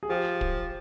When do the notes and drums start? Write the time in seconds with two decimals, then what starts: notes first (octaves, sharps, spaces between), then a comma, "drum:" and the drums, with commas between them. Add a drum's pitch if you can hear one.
0.03 G#4
0.09 F3 G4
0.41 drum: kick